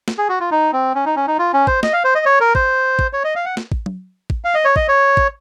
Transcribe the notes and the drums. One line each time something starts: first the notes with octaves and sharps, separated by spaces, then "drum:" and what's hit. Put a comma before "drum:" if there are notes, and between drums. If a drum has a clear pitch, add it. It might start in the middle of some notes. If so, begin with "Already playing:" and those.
drum: snare
G#4
F#4
F4
D#4
C4
C#4
D#4
C#4
D#4
F4
C#4
C5, drum: kick
D#5, drum: snare
F5
C5
D#5
C#5
A#4
C5, drum: kick
drum: kick
C#5
D#5
F5
F#5
drum: snare
drum: kick
drum: tom F#3
drum: kick
F5
D#5
C#5
D#5, drum: kick
C#5
drum: kick